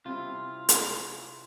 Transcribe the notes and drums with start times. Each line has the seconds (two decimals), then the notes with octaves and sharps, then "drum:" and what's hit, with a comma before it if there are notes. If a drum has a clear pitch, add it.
0.05 C3 G3 C4 E4 F4
0.69 drum: hi-hat